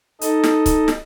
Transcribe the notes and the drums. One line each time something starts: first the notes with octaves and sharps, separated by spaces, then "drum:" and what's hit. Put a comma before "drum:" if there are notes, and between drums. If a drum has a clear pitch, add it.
D#4 A4 D#5, drum: hi-hat
drum: snare
drum: kick, hi-hat
drum: snare